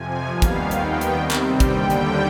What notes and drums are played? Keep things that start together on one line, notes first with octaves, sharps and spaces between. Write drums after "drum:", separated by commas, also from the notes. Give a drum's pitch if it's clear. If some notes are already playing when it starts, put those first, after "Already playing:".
Already playing: F2 C3 F3 G#5
D#2 D#3 G3 B3 F5
drum: kick, hi-hat
D#2 D#3 B3 G5, drum: hi-hat
drum: hi-hat
C3 G3 C4
drum: clap
D#2 D3 G3 G5, drum: kick, hi-hat
drum: hi-hat